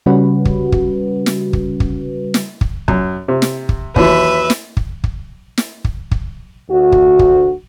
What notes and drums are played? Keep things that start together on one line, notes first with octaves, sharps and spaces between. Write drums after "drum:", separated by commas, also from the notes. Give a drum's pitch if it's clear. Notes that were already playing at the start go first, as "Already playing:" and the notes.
C#3 G3 C#4 F#4 B4
drum: kick
drum: kick
drum: snare
drum: kick
drum: kick
drum: snare
drum: kick
F#2, drum: kick
C3
drum: snare
drum: kick
D#2 E3 F#3 B4 E5, drum: kick
drum: snare
drum: kick
drum: kick
drum: snare
drum: kick
drum: kick
D2 F#4
drum: kick
drum: kick